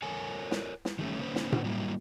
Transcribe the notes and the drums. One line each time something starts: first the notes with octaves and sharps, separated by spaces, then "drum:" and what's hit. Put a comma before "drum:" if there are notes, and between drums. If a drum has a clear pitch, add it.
A4 A#4 C#5 G#5
drum: snare
drum: snare
D#3 G3 A3 C#4
D3 A#3 C#4 B4 C5
drum: snare
drum: tom A2
F#3 G3 A#3 E4